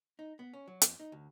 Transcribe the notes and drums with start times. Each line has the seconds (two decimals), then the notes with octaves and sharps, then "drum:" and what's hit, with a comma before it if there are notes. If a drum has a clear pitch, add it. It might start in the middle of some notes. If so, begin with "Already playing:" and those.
0.19 D#4
0.39 B3
0.54 C#4
0.67 F#3
0.82 F2, drum: hi-hat
1.00 D#4
1.12 D2